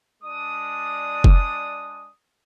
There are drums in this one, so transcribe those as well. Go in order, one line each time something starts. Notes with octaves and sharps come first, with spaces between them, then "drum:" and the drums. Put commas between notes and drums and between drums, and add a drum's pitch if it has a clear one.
G#3 D4 D5 D#6
drum: kick F1